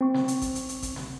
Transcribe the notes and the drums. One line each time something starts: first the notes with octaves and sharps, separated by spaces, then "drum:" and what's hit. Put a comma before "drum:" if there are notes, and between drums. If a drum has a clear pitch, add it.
C4 C#6
drum: snare
drum: hi-hat
drum: kick G#1, hi-hat
drum: hi-hat
drum: hi-hat
drum: kick G#1, hi-hat
drum: snare